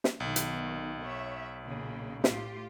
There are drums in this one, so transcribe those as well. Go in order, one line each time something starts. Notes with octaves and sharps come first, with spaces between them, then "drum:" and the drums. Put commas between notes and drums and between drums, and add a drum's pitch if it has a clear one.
drum: snare
B1 B2 D#3
drum: hi-hat
C#5 E5
A#2 C#3 A#3
A2 F4 G4, drum: snare